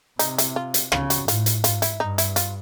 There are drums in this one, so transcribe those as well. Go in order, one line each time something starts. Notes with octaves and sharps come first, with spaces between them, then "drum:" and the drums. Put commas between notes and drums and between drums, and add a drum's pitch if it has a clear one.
C3 D#4, drum: hi-hat
E4, drum: hi-hat
F4
drum: hi-hat
C#3 F4, drum: rim click
F#4, drum: hi-hat
A2 F4, drum: hi-hat
drum: hi-hat
G#2 F4, drum: hi-hat
E4, drum: hi-hat
G2 D#4
E4, drum: hi-hat
F4, drum: hi-hat